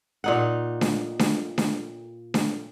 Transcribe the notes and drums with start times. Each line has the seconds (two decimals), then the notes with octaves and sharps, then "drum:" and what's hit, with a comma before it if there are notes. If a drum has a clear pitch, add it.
0.24 A#2 D#4 F#5
0.81 drum: snare D4
1.19 drum: snare D4
1.58 drum: snare D4
2.34 drum: snare D4